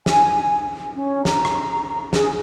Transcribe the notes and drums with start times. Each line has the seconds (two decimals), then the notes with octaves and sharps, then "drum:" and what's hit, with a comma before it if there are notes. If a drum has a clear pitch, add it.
0.06 G#5, drum: snare
0.95 C#4
1.25 A#5, drum: snare
1.45 drum: rim click
2.13 G#4, drum: snare